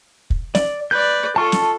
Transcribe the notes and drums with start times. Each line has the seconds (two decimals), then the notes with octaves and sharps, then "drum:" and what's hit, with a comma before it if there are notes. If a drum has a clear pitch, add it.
0.30 drum: kick
0.55 D5, drum: snare
0.91 B4 D5 G6
1.36 F4 A4 A5 C#6
1.52 drum: snare